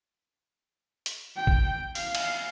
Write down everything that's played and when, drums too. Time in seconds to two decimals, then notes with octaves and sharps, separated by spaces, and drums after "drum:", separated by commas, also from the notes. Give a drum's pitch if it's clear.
1.06 drum: hi-hat
1.37 G5
1.47 drum: kick A1
1.95 F5, drum: open hi-hat
2.15 drum: cymbal